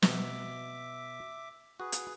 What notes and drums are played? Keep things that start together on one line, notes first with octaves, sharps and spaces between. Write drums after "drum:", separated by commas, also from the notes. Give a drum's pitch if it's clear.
B2 E5 D6, drum: snare
F#4 G#4 B4
drum: hi-hat